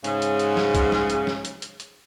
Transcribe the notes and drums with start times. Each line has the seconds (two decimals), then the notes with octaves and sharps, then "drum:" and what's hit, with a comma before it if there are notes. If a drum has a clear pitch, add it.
0.04 G#2 C#3, drum: hi-hat
0.22 drum: hi-hat
0.39 drum: hi-hat
0.57 drum: snare
0.75 drum: kick B1, hi-hat
0.92 drum: snare
1.10 drum: hi-hat
1.27 drum: snare
1.45 drum: hi-hat
1.62 drum: hi-hat
1.80 drum: hi-hat